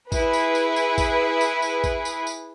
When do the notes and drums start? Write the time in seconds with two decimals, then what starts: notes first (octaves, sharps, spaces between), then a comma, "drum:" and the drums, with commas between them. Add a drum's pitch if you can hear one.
0.12 E4 G#4 B4, drum: kick A1, tambourine
0.33 drum: tambourine
0.55 drum: tambourine
0.76 drum: tambourine
0.98 drum: kick A1, tambourine
1.41 drum: tambourine
1.62 drum: tambourine
1.84 drum: kick A1, tambourine
2.05 drum: tambourine
2.27 drum: tambourine